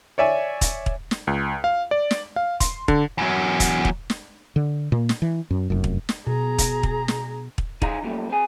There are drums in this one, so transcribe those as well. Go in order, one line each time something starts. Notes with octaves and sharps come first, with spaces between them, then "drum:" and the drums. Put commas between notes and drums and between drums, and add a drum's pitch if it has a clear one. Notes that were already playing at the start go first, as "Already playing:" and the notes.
C#5 D5 E5 G#5
drum: kick, hi-hat
drum: kick
drum: snare
C#2
F5
D5
drum: snare
F5
C6, drum: kick, hi-hat
D3, drum: kick
E2 F#3
drum: kick, hi-hat
drum: kick
drum: snare
D3
A#2 A#3
drum: snare
E3
F#2
F1 F#2
drum: kick
drum: snare
B2 G#4 A#5
drum: kick, hi-hat
drum: kick
drum: snare
drum: kick
D#4 G#4 D#5 F5 A#5, drum: kick
F#2 A#2 G3 A3
C4 G#4